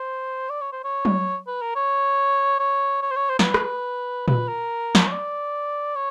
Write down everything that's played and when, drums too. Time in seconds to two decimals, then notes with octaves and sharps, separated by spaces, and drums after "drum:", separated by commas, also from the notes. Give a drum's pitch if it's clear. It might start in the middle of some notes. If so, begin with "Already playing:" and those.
Already playing: C5
0.50 D5
0.61 C#5
0.72 C5
0.84 C#5
1.05 drum: tom F#3
1.47 B4
1.62 A#4
1.76 C#5
2.60 C#5
3.02 C#5
3.11 C5
3.16 C#5
3.29 C5
3.39 A#4, drum: snare
3.43 B4
3.54 drum: rim click
4.28 B4, drum: tom A#2
4.48 A#4
4.95 drum: snare
5.07 C#5
5.11 D5
5.95 C#5